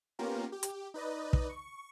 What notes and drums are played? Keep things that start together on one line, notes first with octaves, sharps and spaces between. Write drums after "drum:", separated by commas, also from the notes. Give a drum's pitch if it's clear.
A#3 B3 C#4 F4 G4 A#4
G4
drum: hi-hat
D#4 B4 D5 D#5
drum: kick
C#6